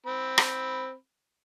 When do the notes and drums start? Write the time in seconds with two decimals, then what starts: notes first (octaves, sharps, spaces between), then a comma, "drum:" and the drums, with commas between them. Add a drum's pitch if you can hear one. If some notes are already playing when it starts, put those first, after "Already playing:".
0.06 C4 B5
0.38 drum: rim click